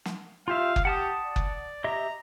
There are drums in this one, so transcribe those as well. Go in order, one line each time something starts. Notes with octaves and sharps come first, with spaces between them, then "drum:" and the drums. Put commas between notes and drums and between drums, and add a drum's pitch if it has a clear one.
drum: snare
F4 G4 E5 F5
drum: kick F#1
G4 F#5 A5 D#6
D5
drum: kick F#1
G4 D#5 E5 A#5